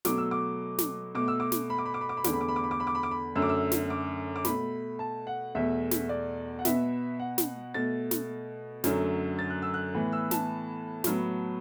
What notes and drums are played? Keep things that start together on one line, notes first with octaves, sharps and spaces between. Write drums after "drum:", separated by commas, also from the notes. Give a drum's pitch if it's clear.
B2 F#3 A3 D6, drum: snare
E6
D6
drum: snare
B2 A3 D6
E6
D6
drum: snare
B5
D6
B5
D6
B5
D6
B5
E2 D3 A3 D6, drum: snare
B5
D6
B5
D6
B5
D6
B5
D6
B5
D6
B5
F#2 D3 A3 E6
D6
E6
drum: snare
D6
D6
B2 A3 B5, drum: snare
A5
F#5
E2 B2 A3 E5
drum: snare
D5
F#5
B2 B3 E5, drum: snare
F#5
drum: snare
B2 A3 A6
drum: snare
F#2 D3 F#3 A3, drum: snare
A6
F#6
E6
F#6
A2 E3 B3
E6
A5, drum: snare
A2 F#3 B3, drum: snare